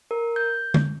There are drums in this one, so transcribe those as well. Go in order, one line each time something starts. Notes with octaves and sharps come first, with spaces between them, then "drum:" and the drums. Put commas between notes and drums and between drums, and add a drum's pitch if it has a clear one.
A#4
G6
drum: tom